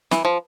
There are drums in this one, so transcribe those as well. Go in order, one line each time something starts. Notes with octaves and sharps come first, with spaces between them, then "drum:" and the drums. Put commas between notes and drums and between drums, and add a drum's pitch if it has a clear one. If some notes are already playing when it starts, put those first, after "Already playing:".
E3, drum: snare
F3